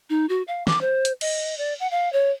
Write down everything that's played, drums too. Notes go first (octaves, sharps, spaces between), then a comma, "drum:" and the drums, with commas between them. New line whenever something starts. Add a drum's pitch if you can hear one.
D#4
F#4
F5
D6, drum: snare
C5
drum: hi-hat
D#5, drum: cymbal
D5
F#5
F5
C#5